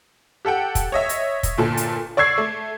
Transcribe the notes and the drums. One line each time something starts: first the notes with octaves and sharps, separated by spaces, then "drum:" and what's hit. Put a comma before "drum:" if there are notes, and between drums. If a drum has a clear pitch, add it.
G4 A4 F#5 G5
drum: kick, hi-hat
C#5 D#5 E5
drum: hi-hat
drum: kick, hi-hat
G1 A#2 A4
drum: hi-hat
D5 C#6 E6 G#6 C7
A3